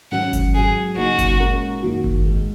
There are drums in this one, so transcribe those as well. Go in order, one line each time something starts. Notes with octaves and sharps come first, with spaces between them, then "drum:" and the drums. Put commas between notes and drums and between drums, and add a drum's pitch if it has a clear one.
G#2 D#3 F#3 C#4 F#5
drum: kick G1, hi-hat
G#1 G#2 F#3 G#4
C#3 F#3 A#3 D#4 F#4
drum: kick G1, hi-hat
A#2 G#3 C#4 F#4 A#4
G#1 F#2 D#3 A#3 F#4
drum: kick G1
A#1 G#2 G#3